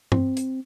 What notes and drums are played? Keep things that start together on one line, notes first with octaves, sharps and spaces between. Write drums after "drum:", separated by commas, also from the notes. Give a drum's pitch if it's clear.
C4, drum: tom
drum: hi-hat